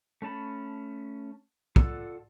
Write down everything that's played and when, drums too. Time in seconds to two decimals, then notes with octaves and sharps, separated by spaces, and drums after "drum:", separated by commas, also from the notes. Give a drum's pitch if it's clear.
0.22 A3 C#4 A5 B5
1.76 F4 A4 D5 F#5 E6, drum: kick